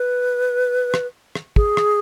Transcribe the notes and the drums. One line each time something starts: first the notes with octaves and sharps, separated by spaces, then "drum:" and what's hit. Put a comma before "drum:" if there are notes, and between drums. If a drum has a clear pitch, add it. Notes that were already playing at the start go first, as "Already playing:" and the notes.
Already playing: B4
drum: rim click
drum: rim click
G#4, drum: kick
drum: rim click